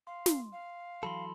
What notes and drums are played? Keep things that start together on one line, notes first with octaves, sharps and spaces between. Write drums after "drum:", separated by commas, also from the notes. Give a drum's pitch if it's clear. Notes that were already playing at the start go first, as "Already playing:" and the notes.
F5 C6
drum: snare
F5
E3 F#3 A4 B5 C6